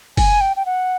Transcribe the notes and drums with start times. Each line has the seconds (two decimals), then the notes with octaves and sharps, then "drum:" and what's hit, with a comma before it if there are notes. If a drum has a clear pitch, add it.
0.17 G#5, drum: kick, open hi-hat
0.41 G5
0.56 G5
0.66 F#5